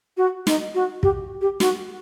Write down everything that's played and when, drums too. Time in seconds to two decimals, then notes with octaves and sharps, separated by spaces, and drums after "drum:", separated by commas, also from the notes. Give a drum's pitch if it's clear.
0.17 F#4
0.47 D#4, drum: snare
0.75 F#4
1.03 G4, drum: kick
1.41 G4
1.60 F#4, drum: snare